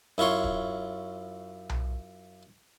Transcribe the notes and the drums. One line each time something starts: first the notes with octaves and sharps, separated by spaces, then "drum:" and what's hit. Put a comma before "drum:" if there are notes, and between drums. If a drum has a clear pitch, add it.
F#2 E4 F4 C#5 C6
drum: kick
drum: tom B1